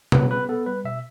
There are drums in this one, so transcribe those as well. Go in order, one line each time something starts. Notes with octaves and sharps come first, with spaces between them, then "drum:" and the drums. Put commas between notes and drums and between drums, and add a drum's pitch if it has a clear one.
B2 B4, drum: tom B2
B3 B4
B3 A4
G3 B4
B2 E5